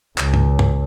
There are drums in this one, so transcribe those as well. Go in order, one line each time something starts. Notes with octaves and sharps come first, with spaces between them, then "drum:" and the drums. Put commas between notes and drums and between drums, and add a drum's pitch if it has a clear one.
C#2, drum: clap
drum: tom G2
drum: tom G2